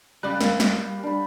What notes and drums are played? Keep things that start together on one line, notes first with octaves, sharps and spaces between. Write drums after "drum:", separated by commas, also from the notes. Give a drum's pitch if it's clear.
C#3 G3 D5 B5 F#6
A#3 F5, drum: snare
drum: snare
D4 B5